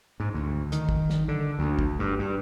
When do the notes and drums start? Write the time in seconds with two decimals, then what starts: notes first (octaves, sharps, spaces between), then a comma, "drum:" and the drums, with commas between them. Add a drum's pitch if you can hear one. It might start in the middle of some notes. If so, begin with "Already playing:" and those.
0.20 G#2
0.34 D2
0.72 D#3, drum: hi-hat
0.89 drum: kick
1.10 drum: snare
1.28 D3
1.59 D2
1.79 drum: kick
1.99 G2
2.19 G2